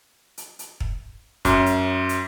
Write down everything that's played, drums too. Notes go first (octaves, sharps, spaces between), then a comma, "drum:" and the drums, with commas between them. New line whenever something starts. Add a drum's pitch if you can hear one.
drum: hi-hat
drum: hi-hat
drum: kick
F#2, drum: kick, hi-hat
drum: hi-hat
drum: hi-hat